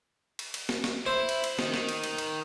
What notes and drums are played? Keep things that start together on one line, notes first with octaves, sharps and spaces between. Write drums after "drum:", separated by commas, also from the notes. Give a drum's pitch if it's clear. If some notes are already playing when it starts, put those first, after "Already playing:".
drum: cymbal
drum: cymbal
drum: snare
drum: snare
E4 C5
drum: cymbal
drum: cymbal
D#3, drum: snare
drum: snare
drum: cymbal
drum: cymbal
drum: cymbal